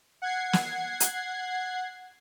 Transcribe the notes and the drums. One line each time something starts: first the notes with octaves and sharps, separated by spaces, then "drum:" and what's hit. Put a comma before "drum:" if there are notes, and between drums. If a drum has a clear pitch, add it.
F#5 G#6 C7
drum: snare
drum: hi-hat